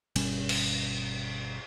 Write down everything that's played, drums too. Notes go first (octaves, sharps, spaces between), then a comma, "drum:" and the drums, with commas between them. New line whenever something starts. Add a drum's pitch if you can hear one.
G1 B2 G3 C#4, drum: cymbal
drum: cymbal